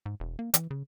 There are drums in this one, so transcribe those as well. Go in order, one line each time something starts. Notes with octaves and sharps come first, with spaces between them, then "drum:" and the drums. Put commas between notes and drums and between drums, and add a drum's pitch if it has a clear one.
G#2
E1
A#3
E3, drum: hi-hat
C#3